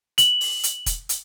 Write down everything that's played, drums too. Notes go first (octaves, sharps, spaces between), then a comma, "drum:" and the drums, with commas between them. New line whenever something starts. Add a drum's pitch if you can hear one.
F#7, drum: hi-hat
drum: open hi-hat
drum: hi-hat
drum: kick, hi-hat
drum: hi-hat